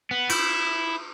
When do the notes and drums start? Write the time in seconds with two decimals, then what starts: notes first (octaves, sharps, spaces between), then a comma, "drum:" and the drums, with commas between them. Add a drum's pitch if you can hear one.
0.11 B3
0.29 E4, drum: cymbal